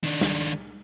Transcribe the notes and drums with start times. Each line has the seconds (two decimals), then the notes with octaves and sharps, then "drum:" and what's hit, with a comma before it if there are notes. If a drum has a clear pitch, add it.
0.04 D#3 D4
0.21 drum: snare